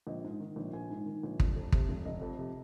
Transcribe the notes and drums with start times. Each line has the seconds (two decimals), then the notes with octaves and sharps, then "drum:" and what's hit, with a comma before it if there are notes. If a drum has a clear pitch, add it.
0.07 A#1 D#5
0.24 G#2
0.40 D#3
0.56 A#1
0.73 A#1 G#5
0.90 G#2
1.06 D#3
1.23 A#1
1.40 F1, drum: kick
1.56 F2
1.72 C3, drum: kick
1.89 F1
2.05 F1 D#5
2.21 F2
2.38 C3